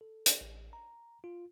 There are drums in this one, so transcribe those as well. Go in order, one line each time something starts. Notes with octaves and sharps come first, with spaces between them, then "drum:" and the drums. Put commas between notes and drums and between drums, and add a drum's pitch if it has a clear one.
A4
drum: hi-hat
A1
A#5
F4